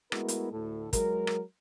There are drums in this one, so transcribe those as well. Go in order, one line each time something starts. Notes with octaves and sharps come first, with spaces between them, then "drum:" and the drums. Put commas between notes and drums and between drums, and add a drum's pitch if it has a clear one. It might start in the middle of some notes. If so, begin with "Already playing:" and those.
G#3 A3 B3 E4 F#4 A#4, drum: rim click
drum: hi-hat
D2 A2 A4
F#3 G#3 A#4, drum: kick, hi-hat
drum: rim click